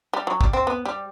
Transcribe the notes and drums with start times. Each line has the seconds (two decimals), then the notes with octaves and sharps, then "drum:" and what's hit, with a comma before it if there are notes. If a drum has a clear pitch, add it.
0.13 G3
0.27 F#3
0.41 G3, drum: kick
0.53 C4
0.67 B3
0.85 G3